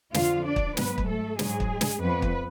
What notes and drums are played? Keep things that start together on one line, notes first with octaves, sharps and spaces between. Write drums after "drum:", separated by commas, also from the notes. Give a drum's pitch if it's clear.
F2 D3 F3 F4 F5, drum: snare
D4 D5
drum: kick
G#2 F#3 B3 B4, drum: snare
drum: kick
A3 A4
G#2 F#3 G#3 G#4, drum: snare
drum: kick
drum: snare
F2 F3 B3 B4
drum: kick